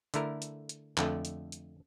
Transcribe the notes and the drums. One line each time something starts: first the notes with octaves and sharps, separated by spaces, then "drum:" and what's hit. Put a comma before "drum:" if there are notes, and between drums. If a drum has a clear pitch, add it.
D3 A3 E4 A#4, drum: hi-hat
drum: hi-hat
drum: hi-hat
F2 D3 A3, drum: clap
drum: hi-hat
drum: hi-hat